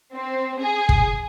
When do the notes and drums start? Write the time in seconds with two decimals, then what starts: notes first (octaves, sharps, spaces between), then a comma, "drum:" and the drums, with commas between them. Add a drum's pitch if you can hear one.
0.13 C4
0.60 G#4
0.89 drum: kick